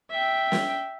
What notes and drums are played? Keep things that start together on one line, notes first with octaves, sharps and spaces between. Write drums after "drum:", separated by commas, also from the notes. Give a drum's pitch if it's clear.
E5 G5
drum: snare